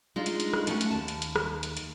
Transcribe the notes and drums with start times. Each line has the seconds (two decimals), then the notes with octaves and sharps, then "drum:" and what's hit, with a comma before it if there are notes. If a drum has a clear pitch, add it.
0.16 G#3 D4 D#4 F4
0.26 drum: hi-hat
0.40 drum: hi-hat
0.53 drum: rim click
0.67 A3 C#4 F#5, drum: hi-hat
0.81 drum: hi-hat
0.91 D#2 A5
1.08 drum: hi-hat
1.22 drum: hi-hat
1.36 drum: rim click
1.63 drum: hi-hat
1.77 drum: hi-hat